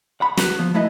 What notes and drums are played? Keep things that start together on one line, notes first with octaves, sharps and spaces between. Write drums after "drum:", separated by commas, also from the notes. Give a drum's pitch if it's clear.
F#5 B5
F#4 B4, drum: snare
F3 B3
G#3 A3 E4 B4 D#5